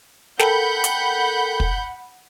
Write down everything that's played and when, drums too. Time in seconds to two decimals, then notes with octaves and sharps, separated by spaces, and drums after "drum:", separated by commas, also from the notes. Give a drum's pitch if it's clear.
0.39 A4 A#4 F#5 G5 B5 G6, drum: snare
0.84 drum: hi-hat
1.60 drum: kick